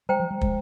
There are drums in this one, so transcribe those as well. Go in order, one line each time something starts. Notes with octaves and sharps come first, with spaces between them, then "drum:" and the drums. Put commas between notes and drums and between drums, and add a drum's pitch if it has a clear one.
G3 C5 G5 A#5
F3
G3
G#3, drum: kick